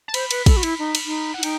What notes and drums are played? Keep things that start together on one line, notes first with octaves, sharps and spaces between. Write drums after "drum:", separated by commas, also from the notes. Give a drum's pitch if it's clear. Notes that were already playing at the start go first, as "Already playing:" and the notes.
A5
C5 B5, drum: cymbal
B4, drum: cymbal
A4, drum: kick, cymbal
F#4
E4, drum: cymbal
D#4
drum: cymbal
D#4
F#5
E4
D#4 G5, drum: cymbal